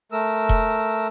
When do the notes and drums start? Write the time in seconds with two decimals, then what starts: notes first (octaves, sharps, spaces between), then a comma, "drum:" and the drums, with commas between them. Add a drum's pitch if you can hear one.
0.12 A3 A#4 E6
0.49 drum: kick E1